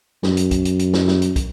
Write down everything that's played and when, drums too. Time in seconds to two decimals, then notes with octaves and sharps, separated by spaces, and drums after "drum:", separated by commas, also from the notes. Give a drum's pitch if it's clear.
0.23 F#2, drum: snare
0.37 drum: hi-hat
0.51 drum: kick, hi-hat
0.65 drum: hi-hat
0.79 drum: hi-hat
0.94 drum: snare
1.08 drum: snare
1.22 drum: hi-hat
1.36 drum: kick, hi-hat